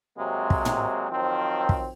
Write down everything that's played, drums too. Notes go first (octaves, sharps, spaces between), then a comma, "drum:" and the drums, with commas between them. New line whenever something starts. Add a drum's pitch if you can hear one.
C3 F#3 G#3 A#3 C4
drum: kick
drum: tom
D#3 F3 F#3 C4
drum: kick